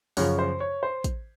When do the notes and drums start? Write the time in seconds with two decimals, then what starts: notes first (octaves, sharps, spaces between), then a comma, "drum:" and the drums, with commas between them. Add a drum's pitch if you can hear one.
0.17 F#2 C#3 F3 C#5, drum: open hi-hat
0.39 C5
0.60 C#5
0.83 C5
1.04 drum: kick, hi-hat